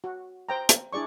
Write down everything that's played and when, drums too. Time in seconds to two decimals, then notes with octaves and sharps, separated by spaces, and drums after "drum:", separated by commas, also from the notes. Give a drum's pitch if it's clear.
0.04 F#4
0.49 C5 G5 A#5
0.69 drum: hi-hat
0.93 D4 E4 G#4 D5 C#6